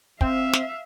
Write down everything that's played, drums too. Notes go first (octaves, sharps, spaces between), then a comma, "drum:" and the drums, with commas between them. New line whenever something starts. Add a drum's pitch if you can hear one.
C4 E5 F5, drum: kick
drum: snare